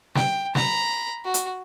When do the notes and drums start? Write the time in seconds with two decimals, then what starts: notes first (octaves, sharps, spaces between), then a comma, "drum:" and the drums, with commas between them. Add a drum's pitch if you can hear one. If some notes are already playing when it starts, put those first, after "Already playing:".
0.15 G5, drum: snare
0.55 A#5 B5, drum: snare
1.24 F#4
1.34 drum: hi-hat